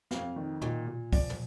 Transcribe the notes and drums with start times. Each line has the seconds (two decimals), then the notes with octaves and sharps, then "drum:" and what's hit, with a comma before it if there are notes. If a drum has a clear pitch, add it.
0.11 F2 F5, drum: snare
0.36 D#3
0.61 A#2 D#5, drum: tom
0.87 A#2
1.13 F3 D5, drum: kick, open hi-hat
1.30 drum: tom